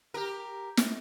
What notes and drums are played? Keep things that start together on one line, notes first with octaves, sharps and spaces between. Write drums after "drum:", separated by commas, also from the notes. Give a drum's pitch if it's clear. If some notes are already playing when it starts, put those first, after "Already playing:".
G4 A#4
drum: snare